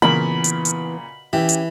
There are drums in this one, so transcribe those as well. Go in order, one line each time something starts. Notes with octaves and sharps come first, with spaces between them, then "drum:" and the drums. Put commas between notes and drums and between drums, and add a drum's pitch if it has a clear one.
A#2 C#3 E3 B3 A#4 B5
drum: hi-hat
drum: hi-hat
E3 C#4 G4 E5
drum: hi-hat